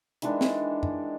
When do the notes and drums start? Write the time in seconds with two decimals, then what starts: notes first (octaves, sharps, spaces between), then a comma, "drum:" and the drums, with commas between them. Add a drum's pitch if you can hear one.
0.22 D#3 E3 G#3 D4, drum: hi-hat
0.41 drum: snare
0.83 drum: tom F#2